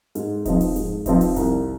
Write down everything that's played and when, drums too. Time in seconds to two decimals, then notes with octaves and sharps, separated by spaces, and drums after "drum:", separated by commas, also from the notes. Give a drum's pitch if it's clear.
0.15 G#2, drum: hi-hat
0.45 F3 C4 D#4, drum: kick E1, hi-hat
0.61 drum: open hi-hat
0.76 G#2, drum: hi-hat
1.06 F3 C4 D#4, drum: kick E1, hi-hat
1.21 drum: open hi-hat
1.36 C2, drum: hi-hat